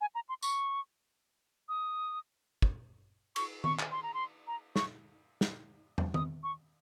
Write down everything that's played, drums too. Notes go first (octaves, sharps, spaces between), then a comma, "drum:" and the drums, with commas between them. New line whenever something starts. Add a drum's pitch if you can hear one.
G#5
A#5
C6
C#6, drum: tambourine
D#6
drum: kick
C#6, drum: cymbal
C#6, drum: tom D#3
drum: clap
C6
A#5
C6
A#5
C#6, drum: snare
drum: snare
drum: tom
D#6, drum: tom D#3
C#6